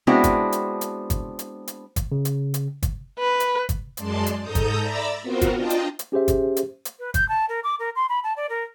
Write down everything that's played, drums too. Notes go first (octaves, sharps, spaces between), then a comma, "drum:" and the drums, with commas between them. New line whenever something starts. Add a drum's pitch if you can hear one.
G#3 B3 C4 D4 E4 F#4
drum: kick, hi-hat
drum: hi-hat
drum: hi-hat
drum: kick, hi-hat
drum: hi-hat
drum: hi-hat
drum: kick, hi-hat
C#3
drum: hi-hat
drum: hi-hat
drum: kick, hi-hat
B4
drum: hi-hat
drum: kick, hi-hat
F#2 G#3 D5 A5 C6, drum: hi-hat
drum: hi-hat
G#2 A4 A#5 D#6 G6
drum: kick, hi-hat
D5 E5 A#5 B5 E6 A6
B3 C4 F4 F#4 A#4 C5
drum: kick, hi-hat
D4 F4 D#5 G5 A5 A#5
drum: hi-hat
drum: hi-hat
C#4 G4 G#4 C5 E5
drum: kick, hi-hat
drum: hi-hat
drum: hi-hat
B4
G6, drum: kick, hi-hat
A5
A#4
D6
A#4
C6
B5
A5
D5
A#4